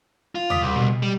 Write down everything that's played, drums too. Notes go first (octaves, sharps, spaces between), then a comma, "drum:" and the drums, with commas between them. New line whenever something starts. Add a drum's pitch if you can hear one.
F4
D6 D#6 B6, drum: tom D#2
C2
B2
G3